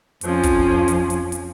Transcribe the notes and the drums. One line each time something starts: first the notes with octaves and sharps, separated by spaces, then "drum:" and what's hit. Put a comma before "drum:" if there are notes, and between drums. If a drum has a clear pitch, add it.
F2 F3 C#4, drum: hi-hat
drum: kick, hi-hat
drum: hi-hat
drum: hi-hat
drum: hi-hat